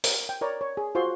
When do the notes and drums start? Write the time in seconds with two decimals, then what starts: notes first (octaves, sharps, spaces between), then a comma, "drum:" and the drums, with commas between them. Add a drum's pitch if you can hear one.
0.04 A#4, drum: open hi-hat
0.29 G5
0.41 A#4 C#5 D5 A#5
0.61 C#5
0.77 G#4
0.95 F4 F#4 C5 C6